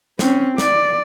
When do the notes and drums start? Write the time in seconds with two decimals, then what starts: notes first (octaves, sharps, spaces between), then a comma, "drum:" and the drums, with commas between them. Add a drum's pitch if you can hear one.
0.19 C4 C#4, drum: snare
0.58 D5, drum: snare